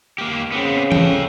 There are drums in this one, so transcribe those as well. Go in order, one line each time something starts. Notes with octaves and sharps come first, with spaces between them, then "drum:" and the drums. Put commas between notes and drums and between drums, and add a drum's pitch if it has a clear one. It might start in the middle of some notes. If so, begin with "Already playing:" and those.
A#3 G4
C#3 B3 C4
A4 G5, drum: tom